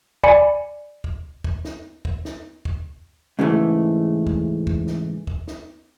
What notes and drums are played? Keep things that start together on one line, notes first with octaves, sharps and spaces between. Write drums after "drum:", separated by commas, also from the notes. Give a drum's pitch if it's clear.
D5 G#5 B5 C#7, drum: kick
drum: kick
drum: kick
drum: snare
drum: kick
drum: snare
drum: kick
G#2 C#3 E3 G3 A3
drum: kick
drum: kick
drum: snare
drum: kick
drum: snare